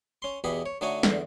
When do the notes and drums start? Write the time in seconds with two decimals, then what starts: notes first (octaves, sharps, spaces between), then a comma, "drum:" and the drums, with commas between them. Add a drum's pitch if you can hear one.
0.22 C#4 C6
0.44 E2 B2 G4 G#4 B5
0.66 C#5
0.81 D3 A3 D#4 F#4 C#5 G#5
1.03 E2 D3, drum: snare